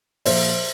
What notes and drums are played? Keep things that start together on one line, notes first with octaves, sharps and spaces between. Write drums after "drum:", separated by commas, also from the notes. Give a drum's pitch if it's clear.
A#2 F3 C5 E5, drum: open hi-hat